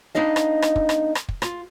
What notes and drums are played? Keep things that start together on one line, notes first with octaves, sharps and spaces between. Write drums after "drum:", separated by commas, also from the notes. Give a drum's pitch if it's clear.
B3 D4 D#4 D#5 F5
drum: rim click
drum: rim click
drum: kick
drum: rim click
drum: rim click
drum: kick
F4, drum: rim click